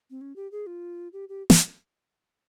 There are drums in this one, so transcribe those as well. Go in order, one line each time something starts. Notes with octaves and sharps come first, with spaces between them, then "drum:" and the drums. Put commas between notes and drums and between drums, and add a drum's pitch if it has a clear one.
C4
C#4
G4
G#4
F4
G4
G4
drum: snare